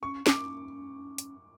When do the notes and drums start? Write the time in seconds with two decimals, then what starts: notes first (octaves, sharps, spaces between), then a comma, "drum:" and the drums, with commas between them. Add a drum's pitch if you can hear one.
0.02 C#4 C#6
0.27 C#4 D6, drum: snare
1.18 drum: hi-hat